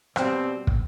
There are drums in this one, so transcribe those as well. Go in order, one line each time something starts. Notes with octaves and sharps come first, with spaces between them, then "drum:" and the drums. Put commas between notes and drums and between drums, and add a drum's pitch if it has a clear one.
B2 G3 C4, drum: rim click
drum: kick